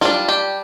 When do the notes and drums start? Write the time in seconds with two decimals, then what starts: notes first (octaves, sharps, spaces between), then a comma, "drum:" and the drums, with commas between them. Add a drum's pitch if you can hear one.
0.01 G3 D4 F4, drum: snare
0.28 G4